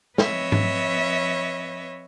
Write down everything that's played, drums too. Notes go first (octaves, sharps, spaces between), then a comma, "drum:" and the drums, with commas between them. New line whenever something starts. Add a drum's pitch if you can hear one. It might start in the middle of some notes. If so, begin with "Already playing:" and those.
F3 C4 B4 C#5 D#5 E5, drum: snare
drum: tom G#2